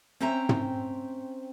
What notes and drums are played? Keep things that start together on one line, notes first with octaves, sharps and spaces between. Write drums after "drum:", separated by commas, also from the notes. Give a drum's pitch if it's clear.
C4 C#4 C5 E5 G5 A#5
drum: tom